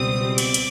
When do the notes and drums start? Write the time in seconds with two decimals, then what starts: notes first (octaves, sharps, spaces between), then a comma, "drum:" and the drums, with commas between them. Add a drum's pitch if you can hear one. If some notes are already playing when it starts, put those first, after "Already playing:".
Already playing: C#2 B2 G3 C4 D#6
0.38 D6, drum: cymbal
0.54 drum: cymbal